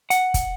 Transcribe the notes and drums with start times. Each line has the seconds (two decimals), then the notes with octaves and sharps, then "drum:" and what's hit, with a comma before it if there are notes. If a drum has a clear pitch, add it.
0.10 F#5, drum: hi-hat
0.34 drum: kick, hi-hat